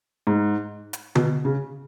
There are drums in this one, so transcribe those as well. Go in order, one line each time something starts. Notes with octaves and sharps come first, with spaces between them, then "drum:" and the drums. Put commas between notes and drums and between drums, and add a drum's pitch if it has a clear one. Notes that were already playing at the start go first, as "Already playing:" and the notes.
G#2
drum: hi-hat
B2, drum: tom D3
C#3